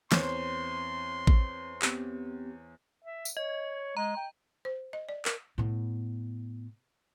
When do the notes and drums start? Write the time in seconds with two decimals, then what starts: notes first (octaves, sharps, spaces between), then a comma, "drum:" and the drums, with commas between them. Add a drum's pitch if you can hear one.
0.12 E2 C4 C5 C#5 C6, drum: snare
1.27 drum: kick A1
1.82 B3 C4 G4, drum: clap
3.04 E5
3.25 drum: tambourine
3.37 C#5 D#5
3.97 G#3 A#5
4.16 G5
4.65 C5
4.93 D#5
5.09 D5
5.25 A#4, drum: clap
5.58 A2 B3